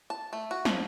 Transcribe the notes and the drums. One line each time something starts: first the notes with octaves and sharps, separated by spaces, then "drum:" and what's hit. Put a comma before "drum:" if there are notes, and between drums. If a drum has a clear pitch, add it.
A5
A3
F#4
F3, drum: snare